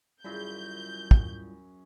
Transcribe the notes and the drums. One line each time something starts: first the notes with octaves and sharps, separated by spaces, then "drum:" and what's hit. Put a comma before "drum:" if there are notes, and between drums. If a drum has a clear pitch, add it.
F#2 G3 E4 F4 G#4 B5 G6
drum: kick